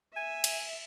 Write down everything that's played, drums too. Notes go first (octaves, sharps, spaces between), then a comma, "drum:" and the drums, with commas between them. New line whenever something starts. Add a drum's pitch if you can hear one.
E5 G#5
drum: cymbal